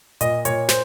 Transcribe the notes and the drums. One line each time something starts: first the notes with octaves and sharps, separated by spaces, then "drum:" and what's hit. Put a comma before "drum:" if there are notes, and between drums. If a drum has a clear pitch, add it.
A#2 D#5, drum: hi-hat
A#2 C#5, drum: hi-hat
C5, drum: snare